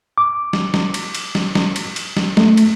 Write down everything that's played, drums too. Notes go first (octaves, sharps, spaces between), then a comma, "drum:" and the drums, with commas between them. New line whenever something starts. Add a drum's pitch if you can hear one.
D6
drum: snare
drum: snare
drum: cymbal
drum: cymbal
drum: snare
drum: snare
drum: cymbal
drum: cymbal
drum: snare
A3, drum: snare
drum: cymbal